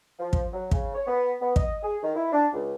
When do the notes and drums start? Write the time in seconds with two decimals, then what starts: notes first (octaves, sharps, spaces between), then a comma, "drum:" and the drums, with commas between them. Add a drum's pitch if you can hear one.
0.20 F3
0.33 drum: kick
0.52 F#3
0.71 C#3, drum: kick
0.95 C#5
1.07 B3
1.41 B3
1.56 D#5, drum: kick
1.83 G#4
2.03 D#3
2.16 E4
2.33 D4
2.53 C#2